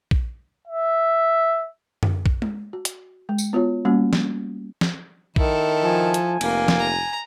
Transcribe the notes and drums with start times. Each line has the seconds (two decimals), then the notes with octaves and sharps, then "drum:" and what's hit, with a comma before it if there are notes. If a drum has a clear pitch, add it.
0.11 drum: kick
0.67 E5
2.03 drum: tom F#2
2.26 drum: kick
2.42 drum: tom G#3
2.73 F#4
2.85 drum: hi-hat
3.29 G#3
3.38 drum: tambourine
3.53 B3 F4 F#4 C#5
3.85 G3 A#3 C#4 F#4
4.13 drum: snare
4.81 drum: snare
5.36 D#3 E4 A4, drum: kick
5.83 F3 G#5
6.14 drum: hi-hat
6.41 F1 A#3, drum: cymbal
6.68 drum: snare
6.79 A#5